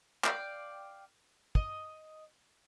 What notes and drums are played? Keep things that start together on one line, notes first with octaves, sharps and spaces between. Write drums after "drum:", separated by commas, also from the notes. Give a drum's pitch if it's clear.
D5 F5 G5, drum: clap
D#5, drum: kick